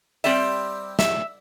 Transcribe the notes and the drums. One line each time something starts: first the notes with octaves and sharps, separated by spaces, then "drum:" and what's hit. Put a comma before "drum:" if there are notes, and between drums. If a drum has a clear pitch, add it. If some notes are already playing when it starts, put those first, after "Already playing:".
G3 C4 G4 D5 E5, drum: open hi-hat
E5, drum: snare